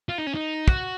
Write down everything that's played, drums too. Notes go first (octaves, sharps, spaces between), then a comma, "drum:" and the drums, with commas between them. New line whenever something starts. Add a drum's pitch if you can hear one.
F4
D#4
C#4
D#4
F#4, drum: kick